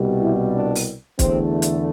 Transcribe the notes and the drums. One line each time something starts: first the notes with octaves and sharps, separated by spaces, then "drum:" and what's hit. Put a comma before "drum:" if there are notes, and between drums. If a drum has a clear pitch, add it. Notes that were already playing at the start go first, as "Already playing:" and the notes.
Already playing: C2 B2 G3
E4
D4
drum: open hi-hat
E2 D3 A3 C4, drum: kick, hi-hat
drum: hi-hat